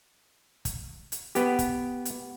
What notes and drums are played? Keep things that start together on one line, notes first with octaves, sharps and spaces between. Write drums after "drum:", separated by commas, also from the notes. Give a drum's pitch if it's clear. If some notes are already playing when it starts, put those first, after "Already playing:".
drum: kick, hi-hat
drum: hi-hat
B3 G4, drum: hi-hat
drum: kick, hi-hat
drum: hi-hat